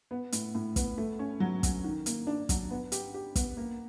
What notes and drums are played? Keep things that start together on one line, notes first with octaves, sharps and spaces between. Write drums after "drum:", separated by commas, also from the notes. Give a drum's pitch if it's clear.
B3
A2, drum: hi-hat
A2
B3, drum: kick, hi-hat
A3
C#4
F#3
F#3, drum: kick, hi-hat
D#3
A#3, drum: hi-hat
D4
F#3, drum: kick, hi-hat
B3
G4, drum: hi-hat
G4
B3, drum: kick, hi-hat
A#3